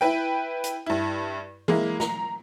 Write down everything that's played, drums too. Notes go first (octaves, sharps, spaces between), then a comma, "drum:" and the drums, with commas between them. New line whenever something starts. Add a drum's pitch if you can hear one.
E4 B4 G5
drum: hi-hat
G2 E4
G#3 A#3 E4, drum: tom E3
A#5, drum: snare